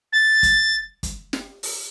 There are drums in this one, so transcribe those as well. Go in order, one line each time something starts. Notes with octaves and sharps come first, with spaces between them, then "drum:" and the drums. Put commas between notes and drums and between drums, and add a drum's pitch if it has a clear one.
A6
drum: kick, hi-hat
drum: kick, hi-hat
drum: snare
drum: open hi-hat